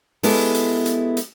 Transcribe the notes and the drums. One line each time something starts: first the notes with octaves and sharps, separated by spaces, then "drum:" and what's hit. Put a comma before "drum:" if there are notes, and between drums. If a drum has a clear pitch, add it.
G#3 B3 E4 G4 A4, drum: open hi-hat
drum: hi-hat
drum: hi-hat
drum: hi-hat